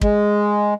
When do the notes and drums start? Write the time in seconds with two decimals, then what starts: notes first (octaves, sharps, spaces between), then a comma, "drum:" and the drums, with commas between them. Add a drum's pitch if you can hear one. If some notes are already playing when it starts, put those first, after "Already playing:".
0.01 G#3, drum: kick